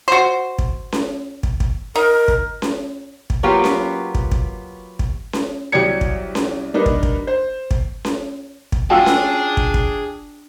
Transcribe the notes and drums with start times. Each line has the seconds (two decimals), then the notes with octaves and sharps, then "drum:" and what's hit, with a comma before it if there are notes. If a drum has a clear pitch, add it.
0.08 F#4 C5
0.59 drum: kick
0.92 drum: snare C#4
1.43 drum: kick
1.60 drum: kick
1.96 D#4 A#4
2.28 drum: kick
2.62 drum: snare C#4
3.30 drum: kick
3.43 F#3 A#3 B3 F4 G4
3.64 drum: snare C#4
4.15 drum: kick
4.32 drum: kick
4.99 drum: kick
5.33 drum: snare C#4
5.72 C2 F#3 G4 D5 G#6 C#7
6.01 drum: kick
6.35 drum: snare C#4
6.74 G3 D4 D#4 A#4 B4
6.86 drum: kick
7.03 drum: kick
7.27 C5
7.71 drum: kick
8.05 drum: snare C#4
8.72 drum: kick
8.90 D4 F4 F#4 G#4 G5 A5 E6
9.06 drum: snare C#4
9.57 drum: kick
9.74 drum: kick